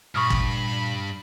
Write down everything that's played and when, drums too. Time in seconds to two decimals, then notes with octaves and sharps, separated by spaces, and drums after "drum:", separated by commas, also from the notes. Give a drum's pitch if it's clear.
0.15 G2 A#2 B5 C#6 D#6 F6
0.30 drum: kick